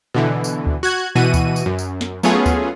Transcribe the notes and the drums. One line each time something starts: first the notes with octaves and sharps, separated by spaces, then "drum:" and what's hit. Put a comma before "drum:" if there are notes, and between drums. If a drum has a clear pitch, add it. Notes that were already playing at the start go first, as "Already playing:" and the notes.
B2 D3 E3
drum: tambourine
drum: kick D2
F#4 F#6 G#6
B2 E3 F#4 D#7
drum: kick D2, tambourine
drum: tambourine
F#2
drum: tambourine
drum: snare
F#3 A3 B3 C#4 F4 G#4, drum: tambourine
drum: kick D2, tambourine